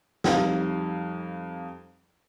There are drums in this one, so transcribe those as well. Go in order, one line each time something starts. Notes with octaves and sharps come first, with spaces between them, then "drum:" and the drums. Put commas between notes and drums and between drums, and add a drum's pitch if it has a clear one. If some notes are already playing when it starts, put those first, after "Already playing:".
F2 G3 D#4 F5, drum: snare